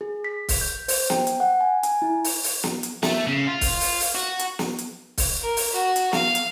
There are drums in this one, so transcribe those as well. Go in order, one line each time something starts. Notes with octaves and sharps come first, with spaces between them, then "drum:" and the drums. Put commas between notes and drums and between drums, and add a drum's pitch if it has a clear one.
G#4
B6
drum: kick C#1, open hi-hat
G6
C5, drum: open hi-hat
G5, drum: snare
drum: hi-hat
F#5
G#5
G#5, drum: hi-hat
E4
drum: open hi-hat
drum: open hi-hat
drum: snare
drum: hi-hat
A3, drum: snare
C#3
F4
drum: kick C#1, open hi-hat
drum: open hi-hat
drum: open hi-hat
F#4
drum: hi-hat
drum: snare
drum: hi-hat
drum: kick C#1, open hi-hat
A#4
drum: open hi-hat
F#4
drum: hi-hat
F5, drum: snare
drum: hi-hat